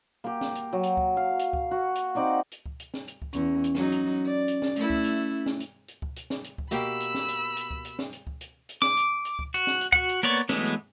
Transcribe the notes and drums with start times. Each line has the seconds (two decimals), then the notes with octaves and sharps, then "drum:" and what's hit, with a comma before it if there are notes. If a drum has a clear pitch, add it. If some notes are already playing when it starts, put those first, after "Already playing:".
0.24 A#3 G4
0.41 drum: snare
0.55 drum: hi-hat
0.73 F#3
0.83 drum: hi-hat
0.97 drum: kick C#2
1.17 F5
1.39 drum: hi-hat
1.53 drum: kick C#2
1.71 F#4
1.95 drum: hi-hat
2.15 C4 D#4 D5 F#5
2.52 drum: hi-hat
2.66 drum: kick C#2
2.80 drum: hi-hat
2.94 drum: snare
3.08 drum: hi-hat
3.22 drum: kick C#2
3.33 E2 C#4, drum: hi-hat
3.64 drum: hi-hat
3.75 F#3 D#4, drum: snare
3.92 drum: hi-hat
4.26 D5
4.48 drum: hi-hat
4.62 drum: snare
4.76 A3 E4, drum: hi-hat
4.90 drum: kick C#2
5.04 drum: hi-hat
5.46 drum: snare
5.60 drum: hi-hat
5.88 drum: hi-hat
6.02 drum: kick C#2
6.16 drum: hi-hat
6.30 drum: snare
6.44 drum: hi-hat
6.58 drum: kick C#2
6.71 B2 A#3 G4 B5 E6, drum: hi-hat
7.00 drum: hi-hat
7.14 drum: snare
7.28 drum: hi-hat
7.57 drum: hi-hat
7.71 drum: kick C#2
7.85 drum: hi-hat
7.99 drum: snare
8.13 drum: hi-hat
8.27 drum: kick C#2
8.41 drum: hi-hat
8.69 drum: hi-hat
8.82 D6, drum: snare
8.97 drum: hi-hat
9.25 drum: hi-hat
9.39 drum: kick C#2
9.54 F#4, drum: hi-hat
9.67 drum: snare
9.81 drum: hi-hat
9.92 F#4 F#5, drum: kick C#2
10.09 drum: hi-hat
10.23 A#3 B3 C#5 D5 C#6
10.37 drum: hi-hat
10.49 E3 F#3 G#3 A3 B3, drum: snare
10.65 drum: hi-hat